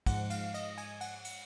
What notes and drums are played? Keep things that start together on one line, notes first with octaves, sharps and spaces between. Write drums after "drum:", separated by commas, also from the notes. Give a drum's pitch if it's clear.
G#2 F3 G#3 F#5, drum: kick, cymbal
F5, drum: cymbal
D#5, drum: cymbal
G#5, drum: cymbal
F#5, drum: cymbal
drum: cymbal